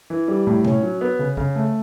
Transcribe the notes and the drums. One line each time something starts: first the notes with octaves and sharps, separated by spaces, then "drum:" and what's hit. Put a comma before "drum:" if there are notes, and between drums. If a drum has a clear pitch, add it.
E3
G3
A2
C#4, drum: tom C3
F#3
B3
C#3
C#3, drum: kick
A3